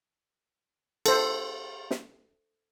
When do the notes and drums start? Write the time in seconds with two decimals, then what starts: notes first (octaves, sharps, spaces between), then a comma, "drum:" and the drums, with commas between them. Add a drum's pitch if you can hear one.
1.06 A4 C5, drum: cymbal
1.91 drum: snare